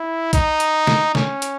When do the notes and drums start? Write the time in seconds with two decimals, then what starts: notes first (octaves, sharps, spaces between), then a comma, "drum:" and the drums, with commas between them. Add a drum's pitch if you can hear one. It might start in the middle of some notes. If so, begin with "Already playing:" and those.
Already playing: E4
0.33 D#4, drum: kick A#1, hi-hat
0.60 drum: hi-hat
0.87 drum: snare
1.15 C#4, drum: snare
1.42 drum: hi-hat